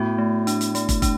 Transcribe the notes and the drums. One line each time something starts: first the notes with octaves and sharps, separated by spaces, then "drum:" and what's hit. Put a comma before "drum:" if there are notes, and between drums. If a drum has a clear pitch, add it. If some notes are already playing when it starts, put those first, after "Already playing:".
Already playing: A2 B3 F#4
A3
D4, drum: hi-hat
drum: hi-hat
A3, drum: hi-hat
drum: kick, hi-hat
D4, drum: kick, hi-hat